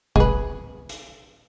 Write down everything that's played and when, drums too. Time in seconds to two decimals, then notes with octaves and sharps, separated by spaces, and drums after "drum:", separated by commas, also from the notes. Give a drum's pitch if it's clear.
0.16 B1 C3 G#3 G#4 B4, drum: kick F1
0.89 drum: hi-hat